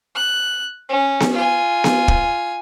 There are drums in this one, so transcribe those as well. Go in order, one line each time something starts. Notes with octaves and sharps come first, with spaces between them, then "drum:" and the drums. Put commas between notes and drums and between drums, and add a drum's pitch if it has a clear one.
F#6
C#4
drum: snare B3
F4 G#5
drum: snare B3
drum: kick